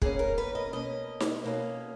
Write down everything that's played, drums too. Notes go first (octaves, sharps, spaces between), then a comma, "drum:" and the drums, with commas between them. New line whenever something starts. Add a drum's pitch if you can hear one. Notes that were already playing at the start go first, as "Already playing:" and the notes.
B2 A#3 C#4 G#4, drum: kick
A#4
B4
D#5
B2 A#3 C#4 D#5
drum: snare D#4
B2 A#3 C#4